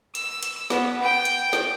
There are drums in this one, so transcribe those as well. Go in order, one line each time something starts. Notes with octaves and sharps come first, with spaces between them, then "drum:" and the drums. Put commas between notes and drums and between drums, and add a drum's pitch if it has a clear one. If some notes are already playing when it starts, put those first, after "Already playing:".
E6, drum: hi-hat
drum: hi-hat
B3, drum: snare
G5
drum: hi-hat
drum: snare